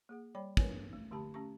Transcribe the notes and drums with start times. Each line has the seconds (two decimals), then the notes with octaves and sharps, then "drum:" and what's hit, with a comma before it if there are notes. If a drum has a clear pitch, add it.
0.09 A#3 G#4 F#5
0.35 G3 C#5 D5 G5 B5
0.57 A#4 B4 C#5 G#5, drum: kick
0.93 A3
1.11 D3 A3 G4 A5 B5
1.34 A3 C#4 G4 A5 C#6